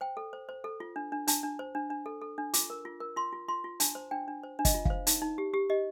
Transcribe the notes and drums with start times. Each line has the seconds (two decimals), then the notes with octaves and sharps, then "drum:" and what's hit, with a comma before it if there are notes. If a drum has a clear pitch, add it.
0.01 C5 G5
0.17 A4
0.33 C5
0.49 C5
0.64 A4
0.80 F4
0.96 D4
1.12 D4
1.28 D4 A5, drum: hi-hat
1.43 D4
1.59 C5
1.75 D4
1.90 D4
2.06 A4
2.21 A4
2.38 D4
2.54 F4 D6, drum: hi-hat
2.70 A#4
2.85 F4
3.00 A#4
3.16 F4 C6
3.32 F4
3.48 F4 C6
3.64 F4
3.80 D4 A5, drum: hi-hat
3.95 C5
4.11 D4 G5
4.28 D4
4.43 C5
4.59 D4
4.65 D#5, drum: kick, hi-hat
4.74 F4
4.85 C5 F5, drum: kick
5.07 D#4, drum: hi-hat
5.22 D#4
5.38 G4
5.54 G4
5.70 G4 D#5